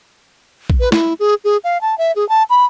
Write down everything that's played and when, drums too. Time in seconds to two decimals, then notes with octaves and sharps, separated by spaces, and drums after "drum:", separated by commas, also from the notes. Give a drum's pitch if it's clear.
0.70 drum: kick
0.80 B4
0.92 E4, drum: snare
1.19 G#4
1.44 G#4
1.64 F5
1.81 A5
1.98 E5
2.16 G#4
2.29 A5
2.50 B5